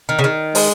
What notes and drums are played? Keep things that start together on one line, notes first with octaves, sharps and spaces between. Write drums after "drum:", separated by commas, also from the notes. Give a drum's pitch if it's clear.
D#3
C#3
D#3
G#3, drum: open hi-hat